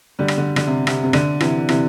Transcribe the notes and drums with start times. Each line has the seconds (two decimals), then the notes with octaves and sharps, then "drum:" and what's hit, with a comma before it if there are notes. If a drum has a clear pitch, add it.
0.19 D3 G3
0.28 drum: rim click
0.38 D3
0.56 D3, drum: rim click
0.67 C3
0.87 C3, drum: rim click
1.03 C3
1.13 D3, drum: rim click
1.40 C3 E3, drum: rim click
1.69 C3 E3, drum: rim click